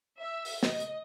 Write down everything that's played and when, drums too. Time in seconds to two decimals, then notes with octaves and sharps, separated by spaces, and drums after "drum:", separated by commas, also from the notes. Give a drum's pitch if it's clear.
0.19 E5
0.45 drum: open hi-hat
0.63 D#5, drum: snare
0.80 drum: hi-hat